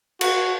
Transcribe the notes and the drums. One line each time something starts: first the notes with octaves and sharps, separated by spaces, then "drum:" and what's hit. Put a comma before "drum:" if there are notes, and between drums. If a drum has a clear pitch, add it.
F#4, drum: cymbal